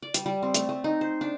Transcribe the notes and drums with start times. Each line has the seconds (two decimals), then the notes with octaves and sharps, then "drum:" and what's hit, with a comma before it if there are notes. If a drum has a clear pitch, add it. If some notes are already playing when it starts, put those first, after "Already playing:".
0.02 D5
0.14 G3, drum: hi-hat
0.26 G3
0.43 C4
0.54 A3, drum: hi-hat
0.69 A3
0.84 D#4
1.01 C5
1.21 D4